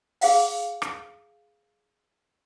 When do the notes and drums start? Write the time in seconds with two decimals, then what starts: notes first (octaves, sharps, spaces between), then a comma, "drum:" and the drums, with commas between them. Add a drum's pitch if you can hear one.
0.21 G#4 F5 F#5, drum: open hi-hat
0.82 drum: rim click